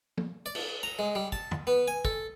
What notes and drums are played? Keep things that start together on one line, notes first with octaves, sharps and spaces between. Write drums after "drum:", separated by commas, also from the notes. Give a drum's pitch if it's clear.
drum: tom
D5
drum: cymbal
A#5
G#3
G3
A5, drum: kick
drum: tom
B3
G#5
A4, drum: kick